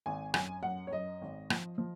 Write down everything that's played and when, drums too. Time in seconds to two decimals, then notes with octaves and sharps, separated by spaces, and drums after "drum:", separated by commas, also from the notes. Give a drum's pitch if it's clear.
0.06 G#1 G#5
0.34 F#2 G#5, drum: rim click
0.63 F#2 F#5
0.87 C#5
0.91 F#2 D#5
1.21 G#1
1.50 F3, drum: rim click
1.78 F3